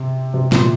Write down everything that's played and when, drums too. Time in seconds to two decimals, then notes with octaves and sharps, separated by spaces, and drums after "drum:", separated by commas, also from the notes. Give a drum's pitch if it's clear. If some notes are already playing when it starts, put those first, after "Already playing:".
Already playing: C3
0.34 C3
0.52 A#2, drum: snare